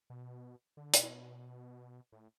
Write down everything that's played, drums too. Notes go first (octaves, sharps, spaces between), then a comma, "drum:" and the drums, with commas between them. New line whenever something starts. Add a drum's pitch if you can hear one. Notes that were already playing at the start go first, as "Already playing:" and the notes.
B2
D3
B2, drum: hi-hat
A2